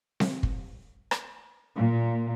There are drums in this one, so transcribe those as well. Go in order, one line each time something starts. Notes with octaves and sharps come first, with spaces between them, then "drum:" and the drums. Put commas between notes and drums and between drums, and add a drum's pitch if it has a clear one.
drum: snare C4
drum: kick
drum: rim click
A#2